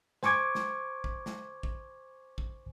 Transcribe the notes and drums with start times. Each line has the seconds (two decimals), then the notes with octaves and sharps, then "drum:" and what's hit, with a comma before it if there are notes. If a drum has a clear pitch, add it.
0.23 C5 G#5 C#6 D6 G#6, drum: snare
0.55 drum: snare
1.04 drum: kick
1.26 drum: snare
1.63 drum: kick
2.38 drum: kick